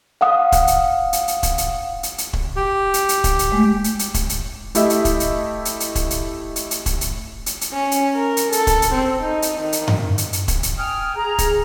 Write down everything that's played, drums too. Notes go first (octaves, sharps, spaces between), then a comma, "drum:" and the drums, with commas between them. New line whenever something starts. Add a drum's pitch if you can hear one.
F5 F#5 D#6
drum: kick, hi-hat
drum: hi-hat
drum: hi-hat
drum: hi-hat
drum: kick, hi-hat
drum: hi-hat
drum: hi-hat
drum: hi-hat
drum: kick
G4
drum: hi-hat
drum: hi-hat
drum: kick, hi-hat
drum: hi-hat
G#3 A3
drum: hi-hat
drum: hi-hat
drum: kick, hi-hat
drum: hi-hat
A3 E4 G4 D#5 E5 E6, drum: hi-hat
drum: hi-hat
drum: kick, hi-hat
drum: hi-hat
drum: hi-hat
drum: hi-hat
drum: kick, hi-hat
drum: hi-hat
drum: hi-hat
drum: hi-hat
drum: kick, hi-hat
drum: hi-hat
drum: hi-hat
drum: hi-hat
C#4
drum: hi-hat
A#4
drum: hi-hat
A4, drum: hi-hat
drum: kick, hi-hat
drum: hi-hat
C4
D#4
drum: hi-hat
D#3
drum: hi-hat
drum: tom F#2
drum: hi-hat
drum: hi-hat
drum: kick, hi-hat
drum: hi-hat
G5 G#5 D#6 F6
G#4 A#5
drum: kick, hi-hat